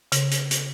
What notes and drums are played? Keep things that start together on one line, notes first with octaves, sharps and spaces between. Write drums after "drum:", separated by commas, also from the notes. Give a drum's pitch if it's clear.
C#3, drum: hi-hat
drum: hi-hat
drum: hi-hat